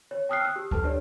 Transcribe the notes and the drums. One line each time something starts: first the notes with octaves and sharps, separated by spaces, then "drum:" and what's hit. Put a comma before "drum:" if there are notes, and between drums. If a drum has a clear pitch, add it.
C#5
G5 A5 D#6 F6 F#6 C7
E6 F#6
G4
A4 B4 A5 F6, drum: kick D2
D4 G4 B4 C#5 D5